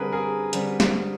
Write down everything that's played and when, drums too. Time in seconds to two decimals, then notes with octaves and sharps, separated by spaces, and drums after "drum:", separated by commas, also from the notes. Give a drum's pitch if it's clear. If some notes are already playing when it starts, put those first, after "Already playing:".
Already playing: D3 G3 C4 G#4 A#4 B4
0.12 G#4 A#4
0.53 D3 G3 C4, drum: hi-hat
0.80 drum: snare